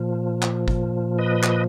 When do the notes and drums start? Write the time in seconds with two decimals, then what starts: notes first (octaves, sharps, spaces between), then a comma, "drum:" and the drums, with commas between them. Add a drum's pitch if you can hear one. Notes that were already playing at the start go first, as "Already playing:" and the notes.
Already playing: A#2 F3
0.42 drum: clap
0.68 drum: kick
1.18 B4 D#5
1.43 drum: clap